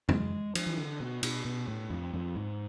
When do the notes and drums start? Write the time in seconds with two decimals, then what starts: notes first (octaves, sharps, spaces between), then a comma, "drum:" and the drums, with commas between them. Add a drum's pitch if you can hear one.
0.09 G#3, drum: tom
0.55 F3, drum: cymbal
0.67 E3
0.78 D3
1.00 B2
1.23 B2, drum: cymbal
1.45 B2
1.68 A2
1.90 F2
2.14 F2
2.36 G#2